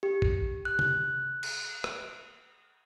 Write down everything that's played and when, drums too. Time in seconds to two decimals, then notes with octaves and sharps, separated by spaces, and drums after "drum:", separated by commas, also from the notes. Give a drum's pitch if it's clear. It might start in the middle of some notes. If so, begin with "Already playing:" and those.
0.03 G4
0.22 drum: kick
0.65 F#6
0.79 drum: tom C3
1.43 drum: cymbal
1.84 drum: rim click